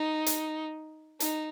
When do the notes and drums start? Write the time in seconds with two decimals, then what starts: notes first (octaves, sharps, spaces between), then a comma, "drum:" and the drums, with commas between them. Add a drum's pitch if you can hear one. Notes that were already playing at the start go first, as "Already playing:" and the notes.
Already playing: D#4
0.26 drum: hi-hat
1.20 D#4, drum: hi-hat